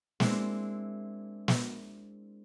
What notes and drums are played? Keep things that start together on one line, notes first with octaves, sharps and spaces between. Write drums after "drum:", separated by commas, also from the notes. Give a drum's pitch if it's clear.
G#3 A#3 C4 D4 E4, drum: snare
drum: snare